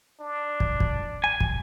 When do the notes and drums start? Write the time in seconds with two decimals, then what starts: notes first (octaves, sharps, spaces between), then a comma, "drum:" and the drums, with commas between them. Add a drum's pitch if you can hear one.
0.20 D4
0.60 drum: kick
0.80 drum: kick
1.24 G#5
1.41 drum: kick